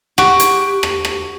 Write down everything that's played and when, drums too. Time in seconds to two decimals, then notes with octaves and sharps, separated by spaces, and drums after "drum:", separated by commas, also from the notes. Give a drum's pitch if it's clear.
0.18 F#4 G4, drum: rim click
0.40 drum: hi-hat
0.83 drum: rim click
1.05 drum: rim click